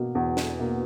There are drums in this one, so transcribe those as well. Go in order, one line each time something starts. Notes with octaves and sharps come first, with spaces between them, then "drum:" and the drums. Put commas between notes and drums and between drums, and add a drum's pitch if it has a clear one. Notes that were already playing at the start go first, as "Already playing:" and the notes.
Already playing: B2 A#3
E2
drum: snare
B2 A#3